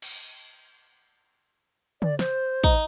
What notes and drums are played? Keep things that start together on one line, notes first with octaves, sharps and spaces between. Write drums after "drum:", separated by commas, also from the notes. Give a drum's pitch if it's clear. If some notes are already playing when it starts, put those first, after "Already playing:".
drum: cymbal
D5, drum: tom
C5, drum: snare
D#4, drum: kick